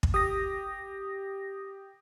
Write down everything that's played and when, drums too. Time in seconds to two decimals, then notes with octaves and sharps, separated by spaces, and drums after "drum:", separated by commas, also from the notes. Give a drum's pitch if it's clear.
0.03 drum: kick
0.14 G4 D#6 A#6